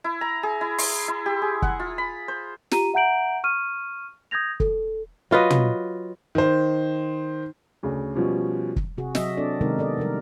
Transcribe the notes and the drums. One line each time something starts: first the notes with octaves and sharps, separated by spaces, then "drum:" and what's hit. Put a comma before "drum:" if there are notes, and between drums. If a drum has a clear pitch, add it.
E4
A#5
G#4
E4
C6, drum: open hi-hat
E4
G4
G#4
F#5, drum: kick
F4
B5
C5
F4 G4 A#5 D#7, drum: snare
E5 F#5 A#5 G6 D7 F#7
C#6 F6 D#7
D#6 G6 G#6 A#6 F7
A4, drum: kick
F#3 F4 B4 D#5
drum: tom
D#3 C5
D2 C#3
B2 F3 G3 C#4
drum: kick
C3 F#4 G#4
F#3 F#4 D#5 E5, drum: snare
C4 D4 A4 D5
C3 D#3 G#3 B3 D#4 A#4
B3 A4 D5 D#5
C3 F3 G3 A#4